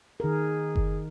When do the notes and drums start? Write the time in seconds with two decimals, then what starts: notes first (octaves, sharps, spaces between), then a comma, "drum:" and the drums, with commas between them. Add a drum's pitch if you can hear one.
0.20 D#3 G#4 A#4
0.76 drum: kick F#1